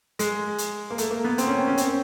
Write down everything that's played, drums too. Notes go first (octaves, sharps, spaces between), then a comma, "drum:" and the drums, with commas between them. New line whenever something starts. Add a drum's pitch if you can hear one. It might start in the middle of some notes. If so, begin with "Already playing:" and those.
G#3, drum: hi-hat
drum: hi-hat
A#3
A3, drum: hi-hat
A#3
B3
C4, drum: hi-hat
C#4
C4
C#4
C4, drum: hi-hat